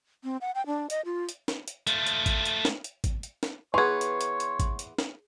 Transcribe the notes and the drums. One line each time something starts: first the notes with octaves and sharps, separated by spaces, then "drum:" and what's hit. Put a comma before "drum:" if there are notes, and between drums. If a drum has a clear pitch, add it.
C4
F#5
G5
D4
D#5, drum: hi-hat
F4
drum: hi-hat
drum: snare
drum: hi-hat
A3 F4, drum: hi-hat
drum: hi-hat
drum: kick, hi-hat
drum: hi-hat
drum: snare
drum: hi-hat
drum: kick, hi-hat
drum: hi-hat
drum: snare
E3 B3 G#4 C#5 C6 C#6
drum: hi-hat
drum: hi-hat
drum: hi-hat
drum: kick, hi-hat
drum: hi-hat
drum: snare